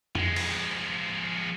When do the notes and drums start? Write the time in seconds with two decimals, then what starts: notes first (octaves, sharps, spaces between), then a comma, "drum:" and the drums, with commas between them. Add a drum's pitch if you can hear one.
0.15 F3 G#3, drum: tom F2
0.36 drum: cymbal